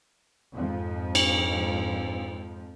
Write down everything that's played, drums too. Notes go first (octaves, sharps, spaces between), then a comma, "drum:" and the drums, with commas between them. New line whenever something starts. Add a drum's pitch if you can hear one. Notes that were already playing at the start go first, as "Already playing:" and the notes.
F2 G#2 F3
drum: cymbal